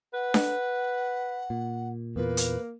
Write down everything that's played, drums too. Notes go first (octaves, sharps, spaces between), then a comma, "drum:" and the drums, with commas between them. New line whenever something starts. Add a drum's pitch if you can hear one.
B4 F#5
drum: snare D4
A#2
E2 A#2 A#3 B4
drum: hi-hat